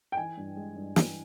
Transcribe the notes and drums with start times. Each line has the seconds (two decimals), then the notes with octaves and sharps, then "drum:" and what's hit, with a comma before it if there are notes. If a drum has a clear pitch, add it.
0.12 G5
0.17 E3 G#5
0.37 G2
0.57 G#3
0.76 G2
0.96 E3, drum: snare